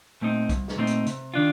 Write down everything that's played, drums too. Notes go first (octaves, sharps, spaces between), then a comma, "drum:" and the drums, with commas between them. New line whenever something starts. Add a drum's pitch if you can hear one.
A#2 A3 C4 D#4
C2, drum: kick, hi-hat
drum: snare
A#2 A3 C4 D#4
drum: hi-hat
C3, drum: hi-hat
D#3 D4 F4